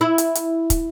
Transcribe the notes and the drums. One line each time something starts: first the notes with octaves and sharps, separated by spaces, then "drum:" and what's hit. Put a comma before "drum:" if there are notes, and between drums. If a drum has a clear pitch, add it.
E4
drum: hi-hat
drum: hi-hat
drum: kick, hi-hat